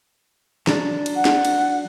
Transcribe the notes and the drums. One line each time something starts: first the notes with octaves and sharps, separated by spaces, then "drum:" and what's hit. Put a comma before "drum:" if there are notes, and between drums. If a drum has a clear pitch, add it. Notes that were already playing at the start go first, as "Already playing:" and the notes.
F#3 D4, drum: snare
drum: cymbal
F#5
drum: snare
drum: cymbal